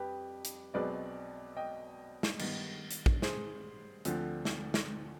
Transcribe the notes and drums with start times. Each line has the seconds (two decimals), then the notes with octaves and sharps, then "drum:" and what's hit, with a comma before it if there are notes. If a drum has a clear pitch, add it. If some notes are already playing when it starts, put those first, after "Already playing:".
Already playing: F2 G3 G4 B4
0.45 drum: hi-hat
0.74 B1 B2 G#3 C4 B4 D5
1.56 D#5 G5
2.23 drum: snare
2.39 G2 D#3 B3, drum: cymbal
2.91 drum: hi-hat
3.06 drum: kick
3.22 G#4 C5, drum: snare
4.05 D2 D3 F3 C4, drum: hi-hat
4.45 drum: snare
4.74 drum: snare